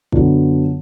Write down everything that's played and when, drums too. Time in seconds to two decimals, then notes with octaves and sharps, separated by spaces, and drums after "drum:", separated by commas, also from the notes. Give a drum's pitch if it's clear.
0.12 F#2 D3 F#3 B3 F4, drum: kick